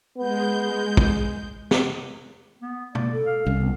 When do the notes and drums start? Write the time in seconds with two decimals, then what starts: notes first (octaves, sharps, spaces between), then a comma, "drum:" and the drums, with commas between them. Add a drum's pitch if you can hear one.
0.18 G#3 B3 G6
0.97 drum: kick
1.71 drum: snare
2.62 B3
2.95 A#3 D5, drum: tom
3.12 A4
3.26 F5
3.47 C2 C#4
3.61 B3